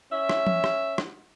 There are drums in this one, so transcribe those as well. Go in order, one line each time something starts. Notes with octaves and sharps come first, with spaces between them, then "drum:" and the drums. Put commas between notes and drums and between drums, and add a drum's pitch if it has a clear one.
C#4 E5
drum: rim click
drum: tom
drum: rim click
drum: rim click